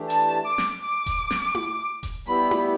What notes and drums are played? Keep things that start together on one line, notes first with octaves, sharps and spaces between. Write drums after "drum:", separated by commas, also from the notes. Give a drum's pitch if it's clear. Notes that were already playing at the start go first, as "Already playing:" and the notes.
Already playing: E3 A3 D4 G4
A5, drum: hi-hat
D6
drum: snare
D6
drum: kick E1, hi-hat
drum: snare
drum: tom E4
drum: kick E1, hi-hat
G3 B3 E4 G4 B5
drum: tom E4